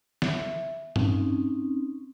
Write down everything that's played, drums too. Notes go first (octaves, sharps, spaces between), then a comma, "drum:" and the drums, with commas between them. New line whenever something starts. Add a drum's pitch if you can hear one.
E5, drum: snare
C4 C#4 D#4, drum: tom G2